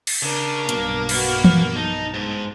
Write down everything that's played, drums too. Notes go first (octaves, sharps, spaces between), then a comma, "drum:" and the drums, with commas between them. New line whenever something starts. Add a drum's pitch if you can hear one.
drum: cymbal
C#3 D4 A#4
B1 G2 B2 A#3, drum: hi-hat
F#4 B4, drum: cymbal
drum: tom E3
D#4 A5
G#2